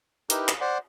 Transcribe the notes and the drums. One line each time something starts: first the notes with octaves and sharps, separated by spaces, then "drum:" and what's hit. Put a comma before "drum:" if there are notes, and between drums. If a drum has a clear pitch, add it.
D#4 E4 G4 A#4 B4, drum: hi-hat
drum: clap
C5 D5 F#5